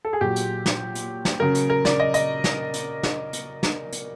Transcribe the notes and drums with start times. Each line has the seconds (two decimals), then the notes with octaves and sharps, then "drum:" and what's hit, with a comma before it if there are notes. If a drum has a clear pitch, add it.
0.05 A4
0.13 G#4
0.21 A#2 F#3 G4
0.36 drum: hi-hat
0.66 drum: snare
0.95 drum: hi-hat
1.25 drum: snare
1.40 C#3 F#3 A#4
1.55 drum: hi-hat
1.70 A#4
1.85 D5, drum: snare
2.00 D#5
2.14 D#5, drum: hi-hat
2.44 drum: snare
2.74 drum: hi-hat
3.03 drum: snare
3.33 drum: hi-hat
3.63 drum: snare
3.93 drum: hi-hat